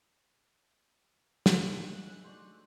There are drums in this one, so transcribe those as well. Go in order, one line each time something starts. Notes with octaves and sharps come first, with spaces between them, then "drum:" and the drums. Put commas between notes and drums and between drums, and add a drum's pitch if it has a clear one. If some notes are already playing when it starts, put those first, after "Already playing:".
drum: snare
A3 C#4 D#4 G#4 F#6
D4 F#4 C5